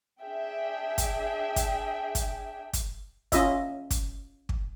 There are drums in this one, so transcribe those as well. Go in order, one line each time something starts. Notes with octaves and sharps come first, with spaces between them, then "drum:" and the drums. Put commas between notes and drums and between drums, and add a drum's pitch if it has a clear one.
D4 G#4 E5 G5
drum: kick, hi-hat
drum: kick, hi-hat
drum: kick, hi-hat
drum: kick, hi-hat
C#4 F4 D#5 E5, drum: kick, hi-hat
drum: kick, hi-hat
drum: kick